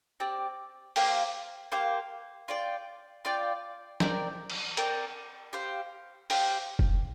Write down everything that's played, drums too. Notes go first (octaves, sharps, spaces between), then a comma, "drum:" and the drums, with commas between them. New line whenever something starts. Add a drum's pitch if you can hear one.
C4 G4 D5
A#3 G4 C5 F5, drum: open hi-hat
A#3 G4 C5 F5
F4 D5 G5
F4 D5 G5
C4 A#4 D5 G5, drum: snare
drum: cymbal
C4 A#4 D5 G5, drum: hi-hat
G4 C5 F5
G4 C5 F5, drum: open hi-hat
drum: kick F1